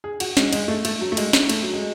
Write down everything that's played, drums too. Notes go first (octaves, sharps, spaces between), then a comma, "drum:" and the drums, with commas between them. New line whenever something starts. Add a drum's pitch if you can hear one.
G#4
F#4, drum: cymbal
G#3, drum: snare
G#3, drum: cymbal
A3
A3, drum: cymbal
F#3
A3
G#3, drum: cymbal
drum: snare
A3, drum: cymbal
F#3
G#3